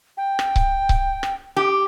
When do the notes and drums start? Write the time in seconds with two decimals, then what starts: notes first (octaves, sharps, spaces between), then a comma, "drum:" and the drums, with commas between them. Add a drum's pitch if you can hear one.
0.17 G5
0.39 drum: rim click
0.56 drum: kick C#1
0.89 drum: kick C#1
1.23 drum: rim click
1.56 G4